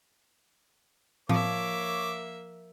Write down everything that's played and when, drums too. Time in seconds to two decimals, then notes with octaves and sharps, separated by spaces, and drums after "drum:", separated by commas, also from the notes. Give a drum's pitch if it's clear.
1.29 F3 A#3 C#5 E5 D6, drum: tom A2